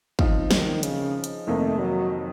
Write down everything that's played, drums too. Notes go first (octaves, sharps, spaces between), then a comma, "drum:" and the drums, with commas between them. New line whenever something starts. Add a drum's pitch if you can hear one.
F3 C4 D#4, drum: kick
D#3, drum: snare
C#3, drum: hi-hat
drum: hi-hat
F2 C3 D#3 A3 A#3 D#4
F#3